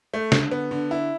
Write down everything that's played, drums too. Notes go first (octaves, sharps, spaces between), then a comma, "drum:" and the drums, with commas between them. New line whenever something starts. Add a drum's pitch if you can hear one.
A3
D3, drum: snare
B3
D3
E4